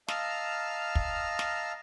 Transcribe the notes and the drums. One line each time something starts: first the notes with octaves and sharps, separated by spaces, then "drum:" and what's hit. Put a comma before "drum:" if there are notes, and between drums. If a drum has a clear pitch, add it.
D#5 F5 A5 A#5 E6 F6, drum: snare
drum: kick
drum: snare